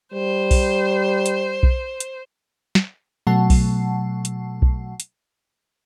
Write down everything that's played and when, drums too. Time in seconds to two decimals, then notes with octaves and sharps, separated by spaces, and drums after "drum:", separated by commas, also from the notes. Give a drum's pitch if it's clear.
0.13 G3 C5
0.51 drum: kick B1, open hi-hat
1.26 drum: hi-hat
1.63 drum: kick B1
2.00 drum: hi-hat
2.75 drum: snare
3.27 B2 F#3 A3 F#5 A5 C7
3.50 drum: kick B1, open hi-hat
4.25 drum: hi-hat
4.62 drum: kick B1
5.00 drum: hi-hat